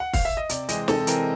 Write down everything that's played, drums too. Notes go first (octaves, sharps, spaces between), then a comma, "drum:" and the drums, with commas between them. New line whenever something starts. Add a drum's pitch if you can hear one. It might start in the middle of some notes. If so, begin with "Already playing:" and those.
F#5
F5, drum: kick, open hi-hat
E5
D#5
C3 D5, drum: hi-hat
E3 G#3 C4 D#5, drum: hi-hat
C3 A4, drum: snare
E3 G#3 C4 A#4, drum: hi-hat